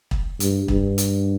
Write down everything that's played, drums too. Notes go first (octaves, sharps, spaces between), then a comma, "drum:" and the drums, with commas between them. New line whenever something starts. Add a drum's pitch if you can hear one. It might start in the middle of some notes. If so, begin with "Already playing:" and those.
drum: kick
G2, drum: hi-hat
G2, drum: kick
drum: hi-hat